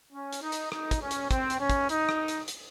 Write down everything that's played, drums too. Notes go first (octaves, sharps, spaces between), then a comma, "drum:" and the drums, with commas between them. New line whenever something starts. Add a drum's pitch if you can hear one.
C#4
drum: hi-hat
D#4
drum: hi-hat
D#4, drum: rim click
drum: kick, hi-hat
C#4
drum: hi-hat
C4, drum: kick, hi-hat
drum: hi-hat
C#4
drum: kick, hi-hat
D#4, drum: hi-hat
drum: rim click
drum: hi-hat
drum: hi-hat